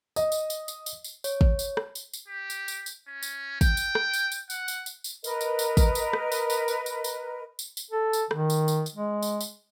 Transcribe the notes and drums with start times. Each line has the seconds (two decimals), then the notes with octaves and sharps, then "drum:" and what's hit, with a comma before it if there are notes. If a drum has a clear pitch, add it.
0.16 D#5, drum: tambourine
0.32 drum: tambourine
0.50 drum: tambourine
0.68 drum: tambourine
0.86 drum: tambourine
1.04 drum: tambourine
1.24 C#5, drum: tambourine
1.41 drum: kick
1.59 drum: tambourine
1.77 drum: rim click
1.95 drum: tambourine
2.13 drum: tambourine
2.28 G4
2.50 drum: tambourine
2.68 drum: tambourine
2.86 drum: tambourine
3.08 C#4
3.23 drum: tambourine
3.61 G5, drum: kick, tambourine
3.77 drum: tambourine
3.95 drum: rim click
4.13 drum: tambourine
4.32 drum: tambourine
4.50 F#5, drum: tambourine
4.68 drum: tambourine
4.86 drum: tambourine
5.04 drum: tambourine
5.24 A#4 B4 D#5, drum: tambourine
5.41 drum: tambourine
5.59 drum: tambourine
5.77 drum: kick, tambourine
5.95 drum: tambourine
6.13 drum: rim click
6.32 drum: tambourine
6.50 drum: tambourine
6.68 drum: tambourine
6.86 drum: tambourine
7.04 drum: tambourine
7.59 drum: tambourine
7.77 drum: tambourine
7.91 A4
8.13 drum: tambourine
8.31 D#3, drum: rim click
8.50 drum: tambourine
8.68 drum: tambourine
8.86 drum: tambourine
8.95 G#3
9.22 drum: tambourine
9.41 drum: tambourine